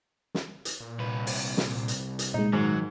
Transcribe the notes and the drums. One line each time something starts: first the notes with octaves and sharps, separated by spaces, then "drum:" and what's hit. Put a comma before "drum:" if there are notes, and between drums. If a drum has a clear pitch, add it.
drum: snare
drum: hi-hat
A#2
C2 B4
drum: open hi-hat
drum: snare
drum: hi-hat
drum: hi-hat
A#2 G#3 D#4
G#2 D#3 F#3